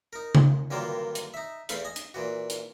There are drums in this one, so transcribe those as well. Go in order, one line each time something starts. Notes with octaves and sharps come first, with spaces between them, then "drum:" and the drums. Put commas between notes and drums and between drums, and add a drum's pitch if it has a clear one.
D#4 A#4
drum: tom C#3
G2 D3 D#3 F#3 A#3 F4
drum: hi-hat
D#4 E5
E2 A3 E4 A4 F5 B5, drum: hi-hat
D#5 G#5
drum: hi-hat
A#2 E3 F#4
drum: hi-hat